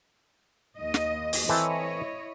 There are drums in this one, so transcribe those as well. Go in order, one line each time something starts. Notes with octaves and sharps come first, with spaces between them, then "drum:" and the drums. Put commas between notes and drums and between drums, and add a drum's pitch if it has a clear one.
D#2 D#5
drum: snare
drum: open hi-hat
E3 C4 E4 A4 C#5 D#5